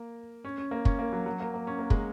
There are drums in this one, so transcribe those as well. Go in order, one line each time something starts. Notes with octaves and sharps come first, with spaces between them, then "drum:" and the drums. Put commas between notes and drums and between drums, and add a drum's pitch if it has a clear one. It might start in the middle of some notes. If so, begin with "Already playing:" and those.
Already playing: A#3
C#4
C#4
A#3
C#4, drum: kick
A#3
F#3
F#3
A#3
A#3
C#4
A#3
G#3, drum: kick